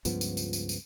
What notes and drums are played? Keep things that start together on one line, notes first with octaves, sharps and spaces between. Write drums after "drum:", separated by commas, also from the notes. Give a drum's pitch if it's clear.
C#2 G2 F3 B3, drum: tambourine
drum: tambourine
drum: tambourine
drum: tambourine
drum: tambourine